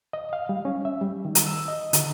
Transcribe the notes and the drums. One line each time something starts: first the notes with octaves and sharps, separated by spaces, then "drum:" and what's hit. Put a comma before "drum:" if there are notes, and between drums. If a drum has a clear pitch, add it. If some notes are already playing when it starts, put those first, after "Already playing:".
D#5
F5
G3
C#4
E5
G3
D#3
drum: hi-hat
E6
D#5
D3, drum: hi-hat